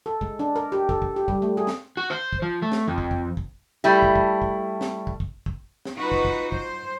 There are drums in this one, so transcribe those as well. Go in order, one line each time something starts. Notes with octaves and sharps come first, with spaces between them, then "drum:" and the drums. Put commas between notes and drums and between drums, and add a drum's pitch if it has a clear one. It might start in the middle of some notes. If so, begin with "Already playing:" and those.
A4
G#3, drum: kick
D4
A#4
G4
A4, drum: kick
drum: kick
G4
G3, drum: kick
A3
G#4
drum: snare
F#4
C5
drum: kick
F3
A3
drum: snare
F2
drum: kick
drum: kick
drum: kick
G3 A3 E4
drum: kick
drum: kick
drum: kick
drum: snare
drum: kick
drum: kick
drum: kick
drum: snare
D#4 F4 F#4 B4
drum: kick
drum: kick
C5, drum: kick